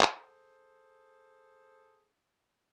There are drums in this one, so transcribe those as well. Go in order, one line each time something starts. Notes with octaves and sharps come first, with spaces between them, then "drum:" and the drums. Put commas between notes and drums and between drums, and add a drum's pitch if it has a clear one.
G#4 A4 C5, drum: clap